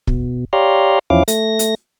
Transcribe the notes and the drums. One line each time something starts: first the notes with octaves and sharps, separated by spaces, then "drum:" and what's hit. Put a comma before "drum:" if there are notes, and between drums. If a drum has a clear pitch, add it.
B2, drum: kick
G4 C#5 D5 F5 A#5 C6
E2 F3 C#4 E4 F5 D6
A3 A#6, drum: hi-hat
drum: hi-hat